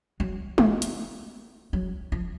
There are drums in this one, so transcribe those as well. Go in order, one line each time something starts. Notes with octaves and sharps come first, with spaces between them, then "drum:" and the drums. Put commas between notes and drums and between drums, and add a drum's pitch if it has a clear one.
F#3
E3, drum: tom G#3
drum: hi-hat
F#3
F3